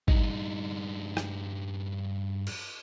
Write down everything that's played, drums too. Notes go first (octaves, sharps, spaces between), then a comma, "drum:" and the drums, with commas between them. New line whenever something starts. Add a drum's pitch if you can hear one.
G2 D#4, drum: kick
drum: rim click
drum: cymbal